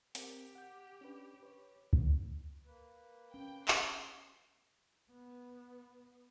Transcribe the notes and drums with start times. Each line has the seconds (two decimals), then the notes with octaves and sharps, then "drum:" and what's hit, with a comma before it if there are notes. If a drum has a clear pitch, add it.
0.15 C4 G4 A#4, drum: hi-hat
0.55 F#5 G6
1.01 C#4 D4 B4
1.43 B4 C#5
1.93 drum: kick C#2
2.66 A#3 B4
3.34 C#4 G5
3.68 G#4 B4 C#5 C6, drum: clap
5.11 B3